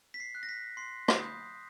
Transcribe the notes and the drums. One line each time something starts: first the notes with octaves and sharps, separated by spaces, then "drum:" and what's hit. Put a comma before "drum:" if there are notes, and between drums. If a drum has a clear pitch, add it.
B6
C7
F#6
A#6
B6
C6 C7
drum: rim click
D#6 G6